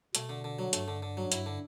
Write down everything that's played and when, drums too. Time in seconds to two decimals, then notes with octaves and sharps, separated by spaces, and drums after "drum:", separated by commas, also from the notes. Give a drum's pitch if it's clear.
0.15 B2 A3, drum: hi-hat
0.29 D3
0.44 D3
0.59 F#3
0.73 G2 A3, drum: hi-hat
0.88 D3
1.02 D3
1.17 F#3
1.32 G2 E4, drum: hi-hat
1.46 D3